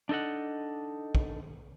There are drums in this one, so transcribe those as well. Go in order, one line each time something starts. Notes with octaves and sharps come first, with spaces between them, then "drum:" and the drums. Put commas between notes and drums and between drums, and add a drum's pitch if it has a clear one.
D4 D#4 A4 D#5 F#5
drum: kick